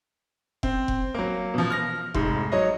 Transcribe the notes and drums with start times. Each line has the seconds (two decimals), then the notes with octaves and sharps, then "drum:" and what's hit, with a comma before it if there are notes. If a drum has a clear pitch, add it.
0.63 C4, drum: kick F1
0.88 drum: kick F1
1.14 F#3 A#3
1.54 B2 F3
1.70 F6 A#6
2.14 F1 G#2, drum: kick F1
2.52 F#3 C#5 D#5